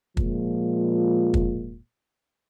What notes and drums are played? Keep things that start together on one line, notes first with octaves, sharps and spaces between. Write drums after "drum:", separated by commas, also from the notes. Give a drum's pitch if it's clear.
A#2 F3 G#3 F4, drum: kick
drum: kick